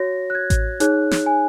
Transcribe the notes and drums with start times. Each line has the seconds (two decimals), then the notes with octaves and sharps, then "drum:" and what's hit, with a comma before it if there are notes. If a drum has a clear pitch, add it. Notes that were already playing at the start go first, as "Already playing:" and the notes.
Already playing: F#4 C#5 A#6
0.30 F#6
0.35 G#6
0.50 drum: kick A1, hi-hat
0.80 D#4 G#4 C#5 F#6, drum: hi-hat
1.11 drum: snare
1.26 G#5